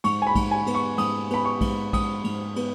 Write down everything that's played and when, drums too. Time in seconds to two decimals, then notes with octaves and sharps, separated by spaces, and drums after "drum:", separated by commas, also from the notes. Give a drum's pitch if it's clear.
0.04 G#2 C#6, drum: cymbal
0.22 G#5
0.27 B5
0.35 G#2, drum: kick A#1, cymbal
0.51 G#5
0.67 B3, drum: cymbal
0.74 C#6
0.98 G#2 D#6, drum: cymbal
1.30 B3 B5, drum: cymbal
1.45 C#6
1.61 G#2, drum: kick A#1, cymbal
1.93 G#2 D#6, drum: kick A#1, cymbal
2.24 G#2, drum: cymbal
2.56 B3, drum: cymbal